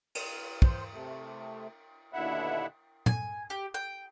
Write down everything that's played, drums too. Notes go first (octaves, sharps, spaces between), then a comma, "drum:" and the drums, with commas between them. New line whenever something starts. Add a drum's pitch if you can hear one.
drum: cymbal
C5, drum: kick
C3 A3
D#2 B2 D3 E4 E5 F#5
G#5, drum: tom
G4
G5